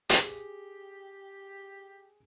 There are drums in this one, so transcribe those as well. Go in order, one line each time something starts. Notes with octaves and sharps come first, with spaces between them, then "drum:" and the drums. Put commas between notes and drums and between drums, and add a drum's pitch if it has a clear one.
G4 G#4, drum: hi-hat